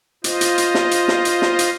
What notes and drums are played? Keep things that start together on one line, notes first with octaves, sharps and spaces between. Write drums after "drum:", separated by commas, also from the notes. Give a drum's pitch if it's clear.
F4 C5 D#5, drum: hi-hat
drum: hi-hat
drum: hi-hat
drum: snare
drum: hi-hat
drum: snare
drum: hi-hat
drum: snare
drum: hi-hat